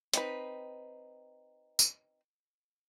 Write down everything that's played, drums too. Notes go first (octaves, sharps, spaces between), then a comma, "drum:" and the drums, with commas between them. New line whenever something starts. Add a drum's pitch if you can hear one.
C4 D#4 B4, drum: hi-hat
drum: tambourine